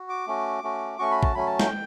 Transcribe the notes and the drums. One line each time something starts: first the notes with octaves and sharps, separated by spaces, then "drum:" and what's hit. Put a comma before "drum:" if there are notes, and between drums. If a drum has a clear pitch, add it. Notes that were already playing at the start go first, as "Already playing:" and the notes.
Already playing: F#4
D6
A3 C#4 F#4
A3 C#4 F#4
A3 C#4 F#4 C#6
B5
A5, drum: kick
F#3 A3 C#4 B5
A5
G5, drum: snare